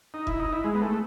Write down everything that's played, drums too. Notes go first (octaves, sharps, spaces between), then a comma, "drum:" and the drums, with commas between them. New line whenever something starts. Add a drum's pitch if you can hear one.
D#4
E4, drum: kick F1
D#4
E4
G#3
B3
A3